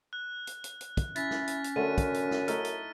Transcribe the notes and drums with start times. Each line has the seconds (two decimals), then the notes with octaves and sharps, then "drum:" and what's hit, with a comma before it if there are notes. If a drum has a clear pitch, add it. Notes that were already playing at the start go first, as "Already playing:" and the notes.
0.13 F#6
0.47 drum: hi-hat
0.64 drum: hi-hat
0.81 drum: hi-hat
0.97 drum: kick, hi-hat
1.16 C#4 E4 A6 B6, drum: hi-hat
1.31 drum: snare
1.48 drum: hi-hat
1.64 drum: hi-hat
1.76 F#2 D3 A3 F#5 D#7
1.98 drum: kick, hi-hat
2.14 drum: hi-hat
2.31 drum: snare
2.48 A3 D#4 E4 F6, drum: hi-hat
2.65 drum: hi-hat